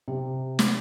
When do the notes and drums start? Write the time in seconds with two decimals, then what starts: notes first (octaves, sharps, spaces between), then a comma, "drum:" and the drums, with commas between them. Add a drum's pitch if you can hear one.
0.08 C3
0.59 drum: snare